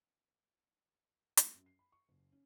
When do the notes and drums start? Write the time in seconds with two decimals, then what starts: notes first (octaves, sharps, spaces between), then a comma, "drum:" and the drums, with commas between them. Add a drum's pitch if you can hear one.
1.37 C4, drum: hi-hat
1.54 F#2
1.66 C7
1.79 B5
1.92 C#6
2.09 F#1
2.32 C#4